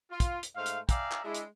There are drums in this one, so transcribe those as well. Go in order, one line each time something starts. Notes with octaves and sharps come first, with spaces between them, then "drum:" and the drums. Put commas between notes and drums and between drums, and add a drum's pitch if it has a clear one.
F4
drum: kick, hi-hat
drum: hi-hat
G#2 A3 C5 F5
drum: hi-hat
D5 E5 F5 G5 G#5 A#5, drum: kick, hi-hat
drum: clap
G#3 D4 E4
drum: hi-hat